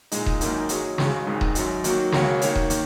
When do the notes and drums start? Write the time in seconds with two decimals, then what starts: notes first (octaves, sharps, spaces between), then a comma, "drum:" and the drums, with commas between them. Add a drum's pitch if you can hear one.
0.12 A#2 G#3 D#4, drum: hi-hat
0.26 drum: kick D#1
0.41 F#2 D#3 A#3 D#4, drum: hi-hat
0.69 F#2 F#3 D#4 G#4 C#5, drum: hi-hat
0.98 C#2 C#3 G#3 F#4, drum: snare
1.27 G#1 G#2 D#3 G#3 D#4
1.41 drum: kick D#1
1.55 F#2 F#3 D#4, drum: hi-hat
1.84 D#3 F#3 A#3 F#4, drum: hi-hat
2.12 C#2 C#3 A#3 F#4 C#5, drum: snare
2.41 D#3 A#3 F#4 C#5, drum: hi-hat
2.55 drum: kick D#1
2.70 D#3 A#3, drum: hi-hat